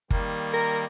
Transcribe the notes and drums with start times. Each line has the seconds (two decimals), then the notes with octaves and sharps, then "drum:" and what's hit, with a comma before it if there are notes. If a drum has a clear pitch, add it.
0.11 D#3 G3 A#3, drum: kick
0.54 A#4